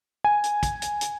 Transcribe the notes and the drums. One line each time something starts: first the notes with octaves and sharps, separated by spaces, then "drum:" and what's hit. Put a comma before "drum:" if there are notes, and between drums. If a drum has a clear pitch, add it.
G#5
drum: hi-hat
drum: kick, hi-hat
drum: hi-hat
drum: hi-hat